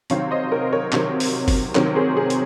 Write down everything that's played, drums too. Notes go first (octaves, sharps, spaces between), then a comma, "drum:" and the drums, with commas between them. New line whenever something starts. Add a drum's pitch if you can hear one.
C3 D#3 F#3 C4 C#5 F5, drum: hi-hat
C5 D#5
A#4 C#5
A#4 C#5
C3 D#3 F#3 C4, drum: clap
drum: open hi-hat
drum: kick, open hi-hat
C3 D#3 F#3 C4 A#4 C#5, drum: clap
G#4 C5
G#4
drum: hi-hat